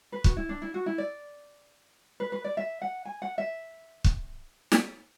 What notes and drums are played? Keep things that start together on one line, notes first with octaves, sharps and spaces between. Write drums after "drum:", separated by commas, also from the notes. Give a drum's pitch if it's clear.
B4
F#4, drum: kick
E4
D4
E4
F#4
E4
D5
B4
B4
D5
E5
F#5
G#5
F#5
E5
drum: kick
drum: snare